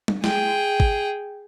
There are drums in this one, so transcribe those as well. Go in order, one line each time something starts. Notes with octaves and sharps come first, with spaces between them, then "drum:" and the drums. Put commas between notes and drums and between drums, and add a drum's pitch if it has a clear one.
drum: tom G3
G#4 G5, drum: snare
drum: kick G#1